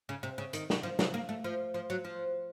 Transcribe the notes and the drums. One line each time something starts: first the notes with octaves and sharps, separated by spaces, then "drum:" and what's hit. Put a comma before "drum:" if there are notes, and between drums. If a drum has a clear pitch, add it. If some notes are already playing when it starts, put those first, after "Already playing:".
C#3
C3
C#3
D#3, drum: hi-hat
drum: snare
F3
F#3, drum: snare
A#3
A3
F3
F3
F#3
F3